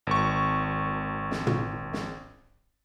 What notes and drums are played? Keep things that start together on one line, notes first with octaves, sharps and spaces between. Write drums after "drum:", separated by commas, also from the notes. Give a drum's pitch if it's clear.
G#1 C#6
drum: snare
drum: tom
drum: snare